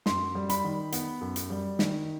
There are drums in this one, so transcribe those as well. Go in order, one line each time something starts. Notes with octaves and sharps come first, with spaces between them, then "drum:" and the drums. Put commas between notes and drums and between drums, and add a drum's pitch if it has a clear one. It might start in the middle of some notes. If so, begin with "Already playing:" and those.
F#2 C6, drum: snare
G3
B5, drum: hi-hat
D#3
B3, drum: hi-hat
F#2
drum: hi-hat
G3
D#3, drum: snare